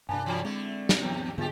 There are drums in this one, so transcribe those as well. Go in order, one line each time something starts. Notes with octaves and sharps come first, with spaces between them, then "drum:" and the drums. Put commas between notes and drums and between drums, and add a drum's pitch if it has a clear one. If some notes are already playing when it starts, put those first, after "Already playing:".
G2 C3 A#3 D4 G#5 A5
E3 F#3 A3
D3 G#3 A3 C4 E4
drum: snare
B2 F3 B3
G#2 D3 G#3 B3 F4 G4 A6